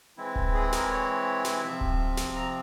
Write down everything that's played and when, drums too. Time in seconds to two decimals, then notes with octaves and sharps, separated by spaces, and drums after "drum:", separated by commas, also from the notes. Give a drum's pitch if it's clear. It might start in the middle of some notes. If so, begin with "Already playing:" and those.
0.17 E3 G#3 C4 E4
0.36 drum: kick D1
0.54 G#4
0.72 A#4, drum: snare
0.90 C#5
1.45 drum: snare
1.62 C3 F3 C4 E5
1.81 drum: kick D1
2.17 drum: snare
2.35 A#5